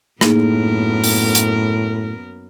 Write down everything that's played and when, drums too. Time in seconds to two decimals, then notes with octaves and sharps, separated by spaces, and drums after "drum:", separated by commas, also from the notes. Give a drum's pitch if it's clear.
0.21 F#2 A2 A#3 B3 D#4 G#4 A#4, drum: rim click
1.04 drum: open hi-hat
1.35 drum: hi-hat